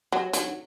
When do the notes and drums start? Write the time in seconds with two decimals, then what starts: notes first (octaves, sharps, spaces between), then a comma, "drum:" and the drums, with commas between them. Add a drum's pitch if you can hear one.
0.12 F#3
0.33 F#3, drum: hi-hat